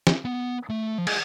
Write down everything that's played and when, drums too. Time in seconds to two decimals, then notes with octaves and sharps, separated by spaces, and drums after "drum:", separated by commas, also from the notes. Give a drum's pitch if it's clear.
0.07 drum: snare
0.25 B3
0.69 A3
0.98 F3
1.07 G#3, drum: cymbal